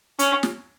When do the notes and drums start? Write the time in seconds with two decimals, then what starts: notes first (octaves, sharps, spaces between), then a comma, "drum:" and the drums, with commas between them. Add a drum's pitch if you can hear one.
0.19 C#4, drum: hi-hat
0.43 drum: snare